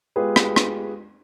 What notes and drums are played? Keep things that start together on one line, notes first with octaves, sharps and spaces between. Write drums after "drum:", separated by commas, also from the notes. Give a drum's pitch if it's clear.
G#3 B3 F4 G4 G#4 B4
drum: rim click
drum: rim click